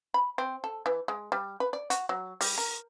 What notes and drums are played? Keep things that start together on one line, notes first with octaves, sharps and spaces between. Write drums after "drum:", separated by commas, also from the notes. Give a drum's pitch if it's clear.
B5
C4
A4
E3
G#3
G3
B4
D5
F#4, drum: hi-hat
F#3
G3, drum: open hi-hat
A#4